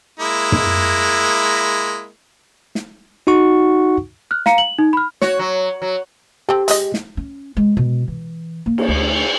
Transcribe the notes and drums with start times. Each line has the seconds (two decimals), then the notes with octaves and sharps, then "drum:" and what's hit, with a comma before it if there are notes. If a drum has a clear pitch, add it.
0.20 G#3 A#3 E4
0.52 drum: tom
2.75 drum: snare
3.27 D#4 F#4 F#5 C#6
4.31 F6 F#6
4.46 F5 A#5 C#7, drum: snare
4.58 F#7
4.79 D#4
4.93 B5 F6
5.22 F#4 C#5, drum: snare
5.39 F#3
5.82 F#3
6.49 C4 G4 A4
6.68 G#3 D#5, drum: hi-hat
6.94 drum: snare
7.17 C#4
7.57 G#3
7.77 B2
8.08 E3
8.66 A#3
8.78 drum: cymbal
8.88 D2